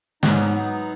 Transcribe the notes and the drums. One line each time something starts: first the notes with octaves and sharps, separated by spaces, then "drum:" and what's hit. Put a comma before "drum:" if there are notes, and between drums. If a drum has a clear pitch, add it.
G#2 F#3 B3 D#4, drum: snare